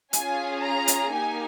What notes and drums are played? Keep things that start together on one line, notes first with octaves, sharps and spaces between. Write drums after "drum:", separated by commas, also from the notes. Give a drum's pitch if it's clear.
C#4 F4 G#4 G#5, drum: hi-hat
A#5
drum: hi-hat
A#3 D#4 G4 G#5